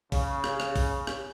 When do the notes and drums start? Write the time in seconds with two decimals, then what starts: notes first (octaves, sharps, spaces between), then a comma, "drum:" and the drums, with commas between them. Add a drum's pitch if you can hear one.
0.12 C#3, drum: kick, open hi-hat
0.44 drum: rim click
0.60 drum: rim click
0.76 drum: kick, open hi-hat
1.07 drum: rim click